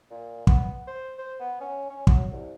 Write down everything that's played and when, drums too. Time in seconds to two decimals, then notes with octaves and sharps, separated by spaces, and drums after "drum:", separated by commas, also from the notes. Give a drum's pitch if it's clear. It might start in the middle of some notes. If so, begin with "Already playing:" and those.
0.11 A#2
0.47 B3, drum: kick
0.87 C5
1.19 C5
1.40 B3
1.61 C#4
1.90 C#4
2.07 F#3, drum: kick
2.32 C2